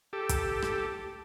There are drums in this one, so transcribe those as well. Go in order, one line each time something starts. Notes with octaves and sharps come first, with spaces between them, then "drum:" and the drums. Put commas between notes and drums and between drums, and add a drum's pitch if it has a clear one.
G4 A4
drum: kick, hi-hat
drum: rim click